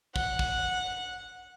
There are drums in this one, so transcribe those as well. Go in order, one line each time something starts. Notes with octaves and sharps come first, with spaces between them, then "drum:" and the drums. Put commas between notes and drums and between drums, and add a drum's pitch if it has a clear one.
F#5, drum: kick
drum: kick